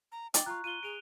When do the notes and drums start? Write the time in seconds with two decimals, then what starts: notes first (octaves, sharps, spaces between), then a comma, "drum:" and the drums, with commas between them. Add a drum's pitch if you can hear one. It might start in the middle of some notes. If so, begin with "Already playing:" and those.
0.12 A#5
0.34 D#4 G5 D6 A6, drum: hi-hat
0.46 F4 A#5 C#6 F#6
0.64 F4 D#7 G7
0.83 G#4 D7 F7